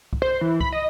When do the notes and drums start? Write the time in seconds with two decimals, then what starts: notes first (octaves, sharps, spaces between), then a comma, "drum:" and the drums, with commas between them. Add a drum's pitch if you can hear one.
0.13 drum: kick C2
0.22 C5
0.41 E3
0.60 B5, drum: kick C2
0.73 D#5